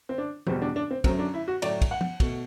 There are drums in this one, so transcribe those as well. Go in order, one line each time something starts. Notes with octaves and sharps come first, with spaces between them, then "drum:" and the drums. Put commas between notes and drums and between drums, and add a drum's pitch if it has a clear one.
C4
D4
E2 B2 G3 C4, drum: tom
D4
D4
C4
F#2 F#3 A3 C4, drum: kick, cymbal
D4
E4
F#4
A2 F#3 A3 D5, drum: cymbal
drum: kick, cymbal
F#5
drum: tom
B2 A3, drum: kick, cymbal